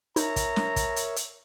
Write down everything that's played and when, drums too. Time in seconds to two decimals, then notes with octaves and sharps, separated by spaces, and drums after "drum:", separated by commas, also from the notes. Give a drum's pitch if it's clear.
0.16 D#4 A#4 C#5 E5 A#5, drum: hi-hat
0.36 drum: kick, hi-hat
0.56 drum: snare
0.76 drum: kick, hi-hat
0.96 drum: hi-hat
1.16 drum: hi-hat